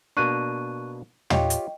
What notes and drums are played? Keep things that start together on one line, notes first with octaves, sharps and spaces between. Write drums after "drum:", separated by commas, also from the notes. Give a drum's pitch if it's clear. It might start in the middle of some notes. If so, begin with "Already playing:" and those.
B2 A#3 D4 C#6 F#6 D#7
F4 G4 C#5 D#5 G5, drum: tom
drum: hi-hat